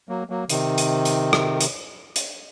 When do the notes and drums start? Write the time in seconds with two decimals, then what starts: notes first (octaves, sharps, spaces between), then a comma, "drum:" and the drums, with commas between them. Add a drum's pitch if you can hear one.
0.09 F#3 A#3
0.30 F#3 A#3
0.50 C3 D#3, drum: hi-hat
0.78 drum: hi-hat
1.05 drum: hi-hat
1.33 drum: rim click
1.61 drum: hi-hat
2.16 drum: hi-hat